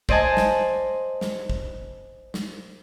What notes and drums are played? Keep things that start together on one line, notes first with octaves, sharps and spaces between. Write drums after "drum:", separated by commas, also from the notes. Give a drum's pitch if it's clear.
C5 D5 D#5 G#5 A5, drum: kick
drum: snare
drum: snare
drum: kick
drum: snare